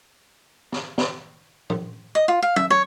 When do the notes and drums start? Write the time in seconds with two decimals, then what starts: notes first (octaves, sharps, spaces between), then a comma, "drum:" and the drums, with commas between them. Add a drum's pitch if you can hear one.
0.72 drum: snare
0.98 drum: snare
1.70 drum: tom A#2
2.15 D#5
2.28 F4
2.43 F5
2.56 E5, drum: tom F#3
2.70 C#5